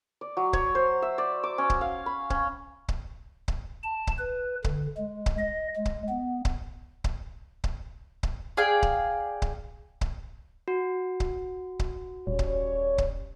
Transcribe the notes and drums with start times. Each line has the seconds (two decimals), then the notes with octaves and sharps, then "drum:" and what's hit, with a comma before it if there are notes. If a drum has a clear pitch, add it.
0.21 D5
0.37 F#3
0.53 C#5, drum: kick C#1
0.75 C5
1.02 E5
1.18 D5
1.43 D6
1.58 C#4
1.70 drum: kick C#1
1.81 F5
2.06 B5
2.30 C#4, drum: kick C#1
2.88 drum: kick C#1
3.48 drum: kick C#1
3.83 A5
4.07 drum: kick C#1
4.18 B4
4.64 D3, drum: kick C#1
4.97 G#3
5.26 drum: kick C#1
5.39 D#5
5.76 G#3
5.85 drum: kick C#1
6.09 B3
6.45 drum: kick C#1
7.04 drum: kick C#1
7.64 drum: kick C#1
8.23 drum: kick C#1
8.57 G#4 D5 F5 G5
8.82 drum: kick C#1
9.42 drum: kick C#1
10.01 drum: kick C#1
10.68 F#4
11.20 drum: kick C#1
11.79 drum: kick C#1
12.27 D#1 G3 C#4 C#5
12.39 drum: kick C#1
12.98 drum: kick C#1